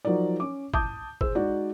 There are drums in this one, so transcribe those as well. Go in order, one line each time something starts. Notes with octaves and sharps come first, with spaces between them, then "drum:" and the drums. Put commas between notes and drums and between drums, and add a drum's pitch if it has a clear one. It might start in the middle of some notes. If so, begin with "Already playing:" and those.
F3 F#3 D#4 A#4 D5
C#4 D6
A5 D6 D#6 G6, drum: kick
G#4 C5 E6, drum: kick
G#3 D#4 F#4 D5